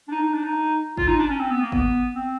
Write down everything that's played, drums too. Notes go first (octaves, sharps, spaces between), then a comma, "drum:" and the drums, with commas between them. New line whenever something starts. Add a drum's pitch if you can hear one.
D4
D#4
D#4
D4
D#4
F4, drum: kick G1
D#4
D4
C#4
C4
B3
A#3
B3, drum: kick G1
C4